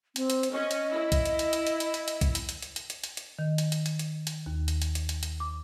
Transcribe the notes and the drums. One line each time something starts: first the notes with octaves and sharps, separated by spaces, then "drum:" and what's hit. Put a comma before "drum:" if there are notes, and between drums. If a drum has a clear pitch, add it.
C4, drum: hi-hat
drum: hi-hat
drum: hi-hat
C#4 D#5
drum: hi-hat
E4
drum: kick, hi-hat
drum: hi-hat
drum: hi-hat
drum: hi-hat
drum: hi-hat
drum: hi-hat
drum: hi-hat
drum: hi-hat
drum: kick, hi-hat
drum: hi-hat
drum: hi-hat
drum: hi-hat
drum: hi-hat
drum: hi-hat
drum: hi-hat
drum: hi-hat
D#3
drum: hi-hat
drum: hi-hat
drum: hi-hat
drum: hi-hat
drum: hi-hat
D#2
drum: hi-hat
drum: hi-hat
drum: hi-hat
drum: hi-hat
drum: hi-hat
D6